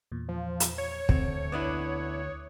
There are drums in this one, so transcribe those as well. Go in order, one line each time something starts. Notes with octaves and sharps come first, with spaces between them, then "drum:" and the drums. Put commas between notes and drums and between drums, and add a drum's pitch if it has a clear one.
E2 A#2
F3
drum: hi-hat
C#5
D2 C4, drum: kick
B3 D4 E4 D6 D#6 F#6